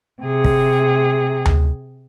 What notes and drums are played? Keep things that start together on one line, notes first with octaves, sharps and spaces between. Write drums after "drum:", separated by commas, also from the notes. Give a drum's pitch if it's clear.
C3 G#4
drum: kick
drum: tom D2